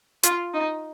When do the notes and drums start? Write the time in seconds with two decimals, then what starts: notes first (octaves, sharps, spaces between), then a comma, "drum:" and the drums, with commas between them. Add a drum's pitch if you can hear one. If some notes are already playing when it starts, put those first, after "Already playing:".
0.23 F4, drum: hi-hat
0.54 D#4